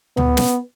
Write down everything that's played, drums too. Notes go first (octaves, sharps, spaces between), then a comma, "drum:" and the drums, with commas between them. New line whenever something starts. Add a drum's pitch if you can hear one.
B3, drum: tom D2
drum: snare